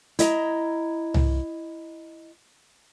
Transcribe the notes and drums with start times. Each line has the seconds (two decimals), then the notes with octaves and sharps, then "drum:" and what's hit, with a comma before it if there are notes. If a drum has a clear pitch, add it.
0.19 E4 D#5 A#5, drum: hi-hat
1.14 drum: tom